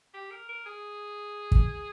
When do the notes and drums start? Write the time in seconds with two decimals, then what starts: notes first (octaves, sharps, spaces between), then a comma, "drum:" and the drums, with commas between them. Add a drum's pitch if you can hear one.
0.14 G4
0.31 A#4
0.49 A#4
0.66 G#4
1.52 drum: kick